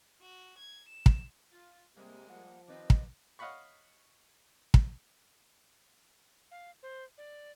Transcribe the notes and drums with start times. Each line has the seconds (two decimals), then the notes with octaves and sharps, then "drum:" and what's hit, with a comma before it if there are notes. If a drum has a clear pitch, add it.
0.21 F#4
0.58 G#6
0.89 E7
1.06 drum: kick
1.52 F4
1.97 C3 G3 G#3 A#3
2.29 F3 F#5
2.68 D#3 C4 F4 G4 B4 D#5
2.90 drum: kick
3.39 C#5 D#5 F5 F#5 B5 C#6
4.74 drum: kick
6.51 F5
6.83 C5
7.18 D5